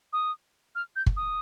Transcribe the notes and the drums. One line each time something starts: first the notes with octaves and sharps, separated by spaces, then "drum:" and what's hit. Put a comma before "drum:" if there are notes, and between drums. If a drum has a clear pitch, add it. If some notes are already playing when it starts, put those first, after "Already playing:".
D#6
F6
G6
drum: kick
D#6